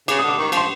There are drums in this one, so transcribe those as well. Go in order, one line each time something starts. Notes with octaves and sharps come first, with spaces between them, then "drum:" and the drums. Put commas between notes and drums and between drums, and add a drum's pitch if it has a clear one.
C#3 D6, drum: cymbal
D#6
D3
D6
D#3 C#6
F3, drum: cymbal
C6